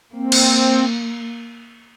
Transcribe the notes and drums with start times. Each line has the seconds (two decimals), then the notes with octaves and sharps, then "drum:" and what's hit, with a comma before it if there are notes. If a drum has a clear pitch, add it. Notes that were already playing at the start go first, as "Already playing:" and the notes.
0.15 A#3 C4
0.32 drum: cymbal